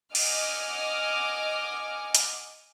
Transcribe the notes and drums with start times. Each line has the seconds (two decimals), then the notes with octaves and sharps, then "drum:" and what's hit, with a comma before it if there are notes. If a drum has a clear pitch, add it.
0.15 D#5 F#5 G#5 D6 F6, drum: cymbal
2.15 drum: hi-hat